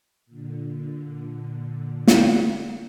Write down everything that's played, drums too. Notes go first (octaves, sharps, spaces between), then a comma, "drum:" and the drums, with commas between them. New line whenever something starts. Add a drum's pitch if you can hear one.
A#2 D3
drum: snare